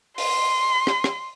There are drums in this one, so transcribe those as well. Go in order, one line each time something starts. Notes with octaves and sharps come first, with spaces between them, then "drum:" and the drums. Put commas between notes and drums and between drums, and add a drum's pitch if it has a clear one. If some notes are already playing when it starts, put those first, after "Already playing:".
C6, drum: open hi-hat
drum: rim click
drum: rim click